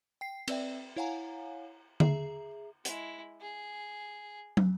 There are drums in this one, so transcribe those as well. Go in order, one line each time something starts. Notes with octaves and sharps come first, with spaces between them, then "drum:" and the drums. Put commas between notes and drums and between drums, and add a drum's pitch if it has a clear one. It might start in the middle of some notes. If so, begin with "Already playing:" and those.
G5 C7
C4 B4 D5 E5 G5, drum: cymbal
E4 C#5 F5 F#5 G#5 A#5
G#4 E5 A#5, drum: tom D3
G#3 E4, drum: hi-hat
G#4
drum: tom